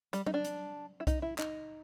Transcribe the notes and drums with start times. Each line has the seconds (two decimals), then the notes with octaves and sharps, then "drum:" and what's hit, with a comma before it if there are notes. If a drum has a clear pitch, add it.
0.13 G3, drum: hi-hat
0.26 D#4, drum: tom F#3
0.34 D4
0.44 drum: hi-hat
1.00 E4
1.07 D#4, drum: kick B1, hi-hat
1.22 E4
1.38 D#4, drum: clap